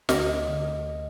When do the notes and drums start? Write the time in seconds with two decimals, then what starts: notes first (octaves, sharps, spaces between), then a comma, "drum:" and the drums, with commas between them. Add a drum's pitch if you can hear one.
0.09 D2 D#5, drum: snare
0.48 D3